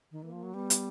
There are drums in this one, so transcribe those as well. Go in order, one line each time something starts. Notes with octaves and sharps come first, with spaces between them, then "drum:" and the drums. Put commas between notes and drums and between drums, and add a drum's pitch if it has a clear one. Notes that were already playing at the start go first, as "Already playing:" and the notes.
D#3
E3 A#3
F3
F#3
G3 B3
drum: hi-hat